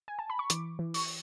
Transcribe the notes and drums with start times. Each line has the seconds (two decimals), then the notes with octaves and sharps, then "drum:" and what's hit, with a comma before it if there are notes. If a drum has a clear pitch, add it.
0.08 G#5
0.19 A5
0.30 B5
0.39 C#6
0.50 E3 D6, drum: hi-hat
0.79 E3
0.94 C#6, drum: open hi-hat